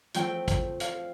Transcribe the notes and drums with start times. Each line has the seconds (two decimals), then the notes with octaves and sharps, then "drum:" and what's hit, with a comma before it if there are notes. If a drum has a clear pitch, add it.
0.14 F3 A3 C4 G5, drum: hi-hat
0.48 drum: kick, hi-hat
0.80 F5, drum: hi-hat